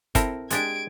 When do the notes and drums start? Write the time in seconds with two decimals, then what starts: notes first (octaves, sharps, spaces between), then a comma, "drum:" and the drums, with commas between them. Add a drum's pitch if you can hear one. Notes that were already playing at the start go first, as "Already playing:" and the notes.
0.15 C4 E4 A4 A#4, drum: kick G1, hi-hat
0.50 G#3 D4 G4 G#6 D7, drum: hi-hat